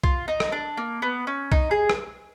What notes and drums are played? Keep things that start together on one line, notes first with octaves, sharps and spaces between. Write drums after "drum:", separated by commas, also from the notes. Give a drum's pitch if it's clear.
F4, drum: kick B1
D#4
drum: rim click
D4
A#3
B3
C#4
D#4, drum: kick B1
G#4
drum: rim click